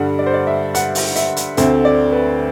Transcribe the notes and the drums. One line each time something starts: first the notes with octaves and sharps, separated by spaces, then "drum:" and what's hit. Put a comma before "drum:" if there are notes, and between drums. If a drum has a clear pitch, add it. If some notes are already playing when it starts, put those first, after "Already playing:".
Already playing: G2 D3 G3 F#5
D5
C5
D5
E5
F#5, drum: hi-hat
drum: open hi-hat
E5, drum: hi-hat
drum: hi-hat
D2 D3 A3 C4, drum: hi-hat
D5
B4